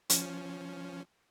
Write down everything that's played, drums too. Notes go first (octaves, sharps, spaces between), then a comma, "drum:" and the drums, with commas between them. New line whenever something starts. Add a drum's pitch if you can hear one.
F3 C#4, drum: hi-hat